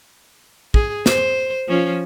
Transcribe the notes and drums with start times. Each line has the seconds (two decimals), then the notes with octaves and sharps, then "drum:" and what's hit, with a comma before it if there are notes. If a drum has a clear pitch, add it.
0.74 G#4, drum: kick
1.06 C5, drum: snare
1.68 F3 C#4 F4